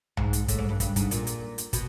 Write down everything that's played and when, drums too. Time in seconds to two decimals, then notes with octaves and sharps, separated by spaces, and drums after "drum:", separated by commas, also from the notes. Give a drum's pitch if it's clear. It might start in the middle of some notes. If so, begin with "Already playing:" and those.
0.17 G#2, drum: tom B1
0.33 drum: hi-hat
0.48 A2, drum: kick, hi-hat
0.59 G#2
0.69 G2
0.80 G2, drum: kick, hi-hat
0.96 G#2, drum: kick, hi-hat
1.11 A#2, drum: hi-hat
1.27 drum: hi-hat
1.58 drum: hi-hat
1.73 B2, drum: kick, hi-hat